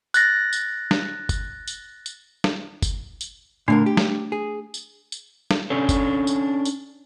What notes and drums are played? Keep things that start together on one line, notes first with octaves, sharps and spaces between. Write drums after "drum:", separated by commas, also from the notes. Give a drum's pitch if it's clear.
F#6 A6 A#6, drum: tambourine
drum: tambourine
drum: snare
drum: kick G1, tambourine
drum: tambourine
drum: tambourine
drum: snare
drum: kick G1, tambourine
drum: tambourine
A#2 D3 A3 D4 A#4
G4
drum: snare
G#4
drum: tambourine
drum: tambourine
drum: snare
C#4 D4 A4 C#5
drum: kick G1, tambourine
drum: tambourine
drum: tambourine